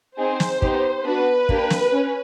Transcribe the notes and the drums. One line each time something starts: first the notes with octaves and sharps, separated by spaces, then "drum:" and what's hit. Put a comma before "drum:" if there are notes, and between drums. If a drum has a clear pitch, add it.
C4 D#4 G#4 C5
drum: snare
B3 D#4 G4, drum: kick
B3 D4 F#4 B4
A#3 D4 G4, drum: kick
drum: snare
C#4